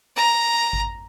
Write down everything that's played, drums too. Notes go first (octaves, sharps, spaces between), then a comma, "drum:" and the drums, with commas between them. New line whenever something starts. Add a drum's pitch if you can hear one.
A#5
drum: kick G#1